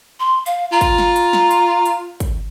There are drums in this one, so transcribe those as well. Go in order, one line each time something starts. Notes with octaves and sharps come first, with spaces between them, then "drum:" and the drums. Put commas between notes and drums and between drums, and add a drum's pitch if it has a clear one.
C6
F5, drum: hi-hat
F4 A#5
drum: kick, hi-hat
drum: snare
drum: hi-hat
drum: snare
drum: hi-hat
drum: hi-hat
drum: kick, hi-hat